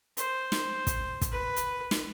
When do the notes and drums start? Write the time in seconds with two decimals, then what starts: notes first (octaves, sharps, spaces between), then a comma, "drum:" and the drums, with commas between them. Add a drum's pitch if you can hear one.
0.17 C5, drum: hi-hat
0.52 drum: snare
0.87 drum: kick, hi-hat
1.21 drum: kick, hi-hat
1.32 B4
1.56 drum: hi-hat
1.91 drum: snare